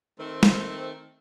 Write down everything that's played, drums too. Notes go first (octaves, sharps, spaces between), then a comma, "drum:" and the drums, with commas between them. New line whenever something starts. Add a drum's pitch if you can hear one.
D#3 A3 C4
drum: snare